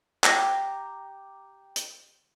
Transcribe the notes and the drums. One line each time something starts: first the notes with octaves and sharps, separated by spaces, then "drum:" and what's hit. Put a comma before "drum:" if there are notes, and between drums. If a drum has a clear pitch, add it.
G4 A#5, drum: clap
drum: hi-hat